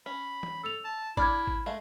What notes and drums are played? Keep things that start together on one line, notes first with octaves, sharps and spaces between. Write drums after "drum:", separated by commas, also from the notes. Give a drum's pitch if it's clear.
C#4 B5
drum: tom E3
A4 E6 F7
A5
D4 E4 D5 B5 F6 G#6, drum: kick G#1
drum: kick G#1
G#3 A3 F5